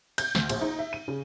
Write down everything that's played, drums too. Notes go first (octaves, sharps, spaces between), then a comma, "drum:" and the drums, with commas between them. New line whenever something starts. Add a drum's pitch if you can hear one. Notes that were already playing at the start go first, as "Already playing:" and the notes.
G6, drum: cymbal
D2, drum: snare
A#1, drum: cymbal
D#4
E5
D#7
C#3